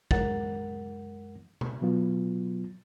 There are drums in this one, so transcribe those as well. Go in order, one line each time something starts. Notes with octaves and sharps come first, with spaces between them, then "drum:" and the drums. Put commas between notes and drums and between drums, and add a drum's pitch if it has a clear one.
F#2 G#3 A#4 F#5 A6, drum: kick
drum: tom B2
B2 F#3 B3 F4